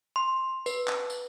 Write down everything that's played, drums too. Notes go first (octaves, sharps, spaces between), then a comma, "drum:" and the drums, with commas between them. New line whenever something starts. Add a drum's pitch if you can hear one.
C6
B4, drum: tambourine
drum: clap
drum: tambourine